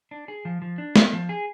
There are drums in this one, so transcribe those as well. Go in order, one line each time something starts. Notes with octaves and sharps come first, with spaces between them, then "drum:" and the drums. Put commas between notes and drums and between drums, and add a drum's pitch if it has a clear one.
D4
G#4
F3
F3
D4
B3, drum: snare
F3
G#4